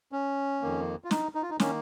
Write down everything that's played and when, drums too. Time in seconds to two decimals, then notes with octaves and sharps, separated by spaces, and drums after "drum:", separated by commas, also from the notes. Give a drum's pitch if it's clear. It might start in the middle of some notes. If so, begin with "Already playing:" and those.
0.12 C#4
0.62 F2 D#3 A#3
1.04 F4
1.11 D#4, drum: snare
1.35 D#4
1.43 F4
1.50 D#4
1.60 D#3 A#3 C#4, drum: snare